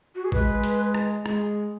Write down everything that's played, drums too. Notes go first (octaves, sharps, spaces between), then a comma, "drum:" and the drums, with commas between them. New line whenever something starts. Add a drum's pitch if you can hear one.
F#4
G#4
G#3 B4, drum: kick
drum: hi-hat
drum: rim click
G#3, drum: rim click